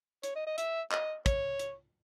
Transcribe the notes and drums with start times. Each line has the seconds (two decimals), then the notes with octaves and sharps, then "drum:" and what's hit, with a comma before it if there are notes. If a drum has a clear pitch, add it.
0.23 C#5, drum: hi-hat
0.36 D#5
0.47 D#5
0.58 E5, drum: hi-hat
0.91 D#5, drum: clap
1.26 C#5, drum: kick, hi-hat
1.59 drum: hi-hat